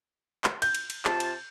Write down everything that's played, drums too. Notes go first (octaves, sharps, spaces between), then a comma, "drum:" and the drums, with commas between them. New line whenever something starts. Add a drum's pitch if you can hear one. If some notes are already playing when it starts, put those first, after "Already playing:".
drum: clap
G6, drum: cymbal
drum: cymbal
drum: cymbal
C3 F4 A5, drum: clap
drum: cymbal